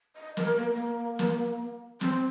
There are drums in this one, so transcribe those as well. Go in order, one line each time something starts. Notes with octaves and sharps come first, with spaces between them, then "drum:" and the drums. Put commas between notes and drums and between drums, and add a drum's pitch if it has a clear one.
D#5
A#4, drum: snare
A#3
A#3
drum: snare
C4, drum: snare